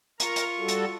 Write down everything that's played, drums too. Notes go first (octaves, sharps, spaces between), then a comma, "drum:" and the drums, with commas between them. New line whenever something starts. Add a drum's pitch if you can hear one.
F4 A#4 A#5 C#6, drum: hi-hat
drum: hi-hat
G3 F#4 A4
drum: hi-hat